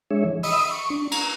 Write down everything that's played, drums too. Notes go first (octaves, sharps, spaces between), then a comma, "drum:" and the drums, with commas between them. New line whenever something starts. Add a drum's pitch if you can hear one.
G#3 D4 G#4 C#5 E5
E3
D#5 E5 B5 D#6 E6, drum: open hi-hat
C#6
D4
A#5, drum: cymbal